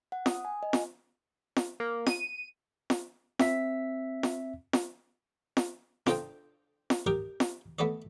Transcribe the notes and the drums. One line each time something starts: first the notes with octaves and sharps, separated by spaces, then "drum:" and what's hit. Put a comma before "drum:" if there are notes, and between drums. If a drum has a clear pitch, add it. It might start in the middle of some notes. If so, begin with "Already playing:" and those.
F#5
D#6, drum: snare F4
G#5
D#5
drum: snare F4
drum: snare F4
A#3
D#7, drum: snare F4
drum: snare F4
C4 E5 B6, drum: snare F4
drum: snare F4
drum: snare F4
drum: snare F4
D4 F4 A4 C5 D#5 G5, drum: snare F4
drum: snare F4
G4 A#4 D#5 G5
drum: snare F4
A3 B3 A4 D5 D#5